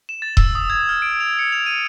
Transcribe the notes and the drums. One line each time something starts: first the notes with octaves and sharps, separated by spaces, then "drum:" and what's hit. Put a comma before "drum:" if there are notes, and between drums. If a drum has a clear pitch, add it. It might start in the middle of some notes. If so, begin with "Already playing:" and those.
E7
A6
E6, drum: kick D#1
D#6
G#6
F6
D7
F7
C#7
F7
D#7